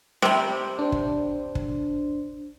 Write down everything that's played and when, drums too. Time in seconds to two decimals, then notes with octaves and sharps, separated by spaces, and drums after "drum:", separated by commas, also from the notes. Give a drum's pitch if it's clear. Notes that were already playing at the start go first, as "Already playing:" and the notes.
0.22 C3 G3 C5, drum: snare
0.79 D4 C5
0.92 drum: kick
1.55 drum: kick